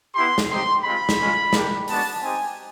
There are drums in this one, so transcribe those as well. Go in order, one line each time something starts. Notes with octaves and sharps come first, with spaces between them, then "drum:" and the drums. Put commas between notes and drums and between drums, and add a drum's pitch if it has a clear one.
B3 E4 G4 C6
drum: snare
C4 D#4 G4 C6
G#3 C4 F4 B5
drum: snare
G#3 C#4 F4
A#3 D4 G4, drum: snare
G#3 B3 D4 F#4 A5, drum: open hi-hat
C4 D#4 G4 G#5